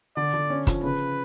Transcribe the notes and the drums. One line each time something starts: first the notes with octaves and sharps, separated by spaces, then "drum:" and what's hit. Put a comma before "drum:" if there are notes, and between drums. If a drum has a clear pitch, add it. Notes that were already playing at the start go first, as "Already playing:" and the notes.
D3 D5
D3
C#4
F3, drum: kick, hi-hat
C#3 B4